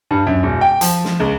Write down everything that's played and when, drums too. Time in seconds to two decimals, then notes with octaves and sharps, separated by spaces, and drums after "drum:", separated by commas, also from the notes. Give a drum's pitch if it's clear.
0.11 G2
0.27 F#2
0.43 E1
0.61 G5
0.81 F3, drum: hi-hat
1.05 drum: snare
1.20 C#2